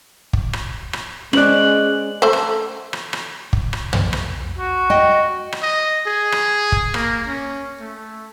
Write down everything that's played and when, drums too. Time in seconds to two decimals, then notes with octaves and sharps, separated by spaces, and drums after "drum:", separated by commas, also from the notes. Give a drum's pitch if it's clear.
0.33 drum: kick
0.53 drum: rim click
0.93 drum: rim click
1.33 G#3 C#4 C5 D5 F#6 F#7, drum: rim click
2.22 A3 C5
2.33 drum: rim click
2.93 drum: rim click
3.13 drum: rim click
3.53 drum: kick
3.73 drum: rim click
3.93 drum: tom
4.13 drum: rim click
4.58 F#4
4.90 D#5 G5
5.52 drum: rim click
5.62 D#5
6.06 G#4
6.32 drum: rim click
6.72 drum: kick
6.94 A#3, drum: rim click
7.26 C#4
7.80 A3